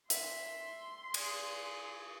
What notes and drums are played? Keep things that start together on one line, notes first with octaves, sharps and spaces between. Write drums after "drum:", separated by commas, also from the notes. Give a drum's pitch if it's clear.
E5 C6, drum: hi-hat
G#4, drum: cymbal